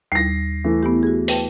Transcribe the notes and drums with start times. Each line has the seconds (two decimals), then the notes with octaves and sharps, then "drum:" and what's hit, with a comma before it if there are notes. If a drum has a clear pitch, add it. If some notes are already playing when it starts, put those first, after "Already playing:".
0.12 D#2 G3 A#6 C7
0.64 E3 A3
0.83 B3 E4 G4
1.03 F#4 G#4
1.28 B4 G5 A5, drum: open hi-hat